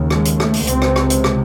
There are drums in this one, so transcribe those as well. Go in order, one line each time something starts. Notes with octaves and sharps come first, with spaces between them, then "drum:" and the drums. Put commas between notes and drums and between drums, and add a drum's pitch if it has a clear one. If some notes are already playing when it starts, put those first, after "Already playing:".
Already playing: D#2 C#3
G#3, drum: rim click
drum: hi-hat
A3, drum: rim click
drum: open hi-hat
C#2 C3 C4, drum: hi-hat
drum: rim click
drum: rim click
drum: hi-hat
drum: rim click